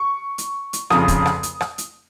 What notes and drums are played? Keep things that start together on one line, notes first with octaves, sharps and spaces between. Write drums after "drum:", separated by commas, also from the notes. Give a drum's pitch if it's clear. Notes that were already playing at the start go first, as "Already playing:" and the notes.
Already playing: C#6
drum: hi-hat
drum: hi-hat
F1 F2 C#3 D#6, drum: rim click
drum: kick, hi-hat
drum: rim click
drum: hi-hat
drum: rim click
drum: hi-hat